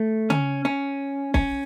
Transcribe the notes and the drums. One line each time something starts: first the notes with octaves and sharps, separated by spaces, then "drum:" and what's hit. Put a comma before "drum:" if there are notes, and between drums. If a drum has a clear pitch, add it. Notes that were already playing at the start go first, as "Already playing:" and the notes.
Already playing: A3
C#4, drum: tom C#3
C#4
C#4, drum: kick